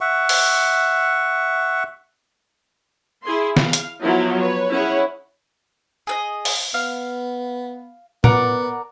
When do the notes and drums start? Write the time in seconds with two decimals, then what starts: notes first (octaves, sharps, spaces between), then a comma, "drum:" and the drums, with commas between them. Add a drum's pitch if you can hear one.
0.01 E5 F#5 C#6
0.29 drum: open hi-hat
3.23 E4 G#4 C6
3.57 F5, drum: snare
3.73 drum: hi-hat
4.03 F3 F#3 B3 E4 F#4
4.38 B4 C#5
4.71 C#4 E4 G#4 C#5 F#5
6.07 G#4 B4 D#5
6.45 drum: open hi-hat
6.74 B3 F5
8.24 B3 A#4 D5 F#5, drum: tom